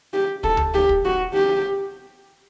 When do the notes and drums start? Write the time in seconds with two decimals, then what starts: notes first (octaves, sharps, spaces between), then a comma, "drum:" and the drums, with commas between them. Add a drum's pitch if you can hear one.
0.13 G4
0.44 A4, drum: kick
0.57 drum: tom D2
0.74 G4
0.89 drum: kick
1.04 F#4
1.34 G4